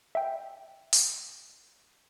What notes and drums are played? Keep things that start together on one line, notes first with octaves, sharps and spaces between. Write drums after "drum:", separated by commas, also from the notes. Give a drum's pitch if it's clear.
E5 G5
drum: open hi-hat